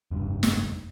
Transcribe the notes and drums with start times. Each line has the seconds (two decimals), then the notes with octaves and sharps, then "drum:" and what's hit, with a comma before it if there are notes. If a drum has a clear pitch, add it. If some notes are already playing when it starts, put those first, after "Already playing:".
0.11 F1 G2
0.43 drum: snare